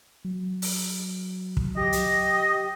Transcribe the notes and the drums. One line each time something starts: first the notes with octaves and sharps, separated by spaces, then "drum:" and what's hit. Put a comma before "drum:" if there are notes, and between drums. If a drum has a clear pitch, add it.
F#3
drum: open hi-hat
drum: kick
G4 D#5
drum: hi-hat